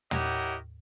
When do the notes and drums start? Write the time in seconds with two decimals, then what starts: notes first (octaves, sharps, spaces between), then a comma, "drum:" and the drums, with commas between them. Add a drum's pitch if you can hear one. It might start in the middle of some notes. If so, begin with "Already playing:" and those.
0.11 E4 G4 A#4 C#5 D#5 F#5, drum: tom